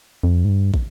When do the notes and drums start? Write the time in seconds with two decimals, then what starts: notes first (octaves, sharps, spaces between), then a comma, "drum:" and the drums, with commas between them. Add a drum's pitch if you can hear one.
0.23 F2
0.45 G#2
0.49 G2
0.74 drum: kick